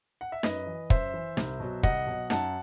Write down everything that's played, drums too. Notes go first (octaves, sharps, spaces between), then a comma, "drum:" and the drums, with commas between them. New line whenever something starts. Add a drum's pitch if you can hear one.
F#5
E5
F#2 B4 D#5, drum: snare D#4
E3
F#2 C5 E5, drum: kick
E3
C2, drum: snare D#4
B2 F#3
C2 D#5 F#5, drum: kick
B2 F#3
F#2 F#5 A5, drum: snare D#4